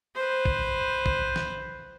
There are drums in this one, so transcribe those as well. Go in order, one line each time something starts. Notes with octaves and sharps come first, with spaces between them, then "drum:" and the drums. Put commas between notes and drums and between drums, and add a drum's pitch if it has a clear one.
B4 C5
drum: kick
drum: kick
drum: snare